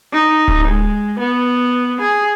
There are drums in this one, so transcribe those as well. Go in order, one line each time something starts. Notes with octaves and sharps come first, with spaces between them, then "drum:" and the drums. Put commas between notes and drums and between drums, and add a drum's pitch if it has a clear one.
D#4
drum: kick D1
G#3
B3
G#4